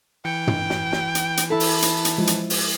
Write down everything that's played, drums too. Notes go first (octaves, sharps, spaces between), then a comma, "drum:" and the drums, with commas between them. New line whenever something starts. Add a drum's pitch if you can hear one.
E3 G5 C#7
drum: tom
drum: snare
drum: snare
drum: hi-hat
drum: hi-hat
E4 A4 A5 B5
drum: open hi-hat
drum: hi-hat
drum: hi-hat
F3 G#3
drum: hi-hat
drum: open hi-hat